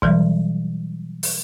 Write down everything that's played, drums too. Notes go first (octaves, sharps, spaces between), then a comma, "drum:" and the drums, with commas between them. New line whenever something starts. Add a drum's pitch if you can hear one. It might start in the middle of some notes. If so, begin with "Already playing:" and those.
B2 E3 F#3 G3, drum: kick
drum: open hi-hat